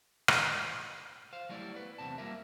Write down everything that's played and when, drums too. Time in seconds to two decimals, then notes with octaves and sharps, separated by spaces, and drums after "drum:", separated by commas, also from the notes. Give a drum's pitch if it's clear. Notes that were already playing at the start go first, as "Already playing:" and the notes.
0.28 drum: rim click
1.33 C5 F5
1.49 F#3 G3 A3 E4 D5
1.75 B3 B4
1.98 E2 C3 C4 A5
2.18 G3 A#3 F4 A#4 E5